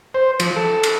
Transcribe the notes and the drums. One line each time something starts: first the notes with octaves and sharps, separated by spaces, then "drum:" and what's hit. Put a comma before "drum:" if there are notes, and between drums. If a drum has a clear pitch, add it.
C5
F3, drum: cymbal
A4
drum: cymbal